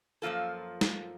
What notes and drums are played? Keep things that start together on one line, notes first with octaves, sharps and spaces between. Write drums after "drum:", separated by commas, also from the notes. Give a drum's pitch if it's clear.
F#2 F3 A#3 F4 A4
drum: snare